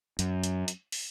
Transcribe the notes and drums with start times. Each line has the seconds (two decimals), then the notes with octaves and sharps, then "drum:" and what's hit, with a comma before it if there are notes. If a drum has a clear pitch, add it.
0.19 F#2, drum: hi-hat
0.44 drum: hi-hat
0.68 drum: hi-hat
0.92 drum: open hi-hat